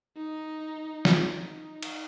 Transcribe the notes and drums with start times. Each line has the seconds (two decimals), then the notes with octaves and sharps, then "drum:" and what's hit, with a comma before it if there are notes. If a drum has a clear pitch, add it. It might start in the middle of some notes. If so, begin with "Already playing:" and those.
0.17 D#4
1.05 drum: snare
1.20 D#4
1.83 drum: cymbal